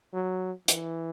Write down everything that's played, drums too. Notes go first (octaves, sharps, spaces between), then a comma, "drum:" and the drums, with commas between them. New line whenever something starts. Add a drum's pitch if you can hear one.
F#3
E3, drum: hi-hat